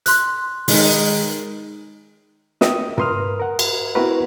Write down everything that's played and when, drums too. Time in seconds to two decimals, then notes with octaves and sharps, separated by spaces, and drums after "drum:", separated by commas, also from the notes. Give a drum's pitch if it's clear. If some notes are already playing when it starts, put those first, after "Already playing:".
0.06 C6 F#6, drum: hi-hat
0.68 D#3 G#3 D#4, drum: open hi-hat
2.61 E5 G5 D#6, drum: snare
2.98 A#4 B4 C6 D#6 F6, drum: tom
3.40 A#4 F#5
3.59 drum: cymbal
3.95 B3 C4 E4 F#4 A#4 B4